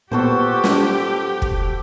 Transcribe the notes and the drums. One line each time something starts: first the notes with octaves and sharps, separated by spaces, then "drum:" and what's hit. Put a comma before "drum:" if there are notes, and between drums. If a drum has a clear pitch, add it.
A#2 B3 F#4 G4 A4 C5
drum: snare
drum: kick